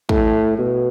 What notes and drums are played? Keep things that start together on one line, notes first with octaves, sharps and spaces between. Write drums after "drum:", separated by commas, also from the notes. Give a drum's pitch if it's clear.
A2, drum: kick
B2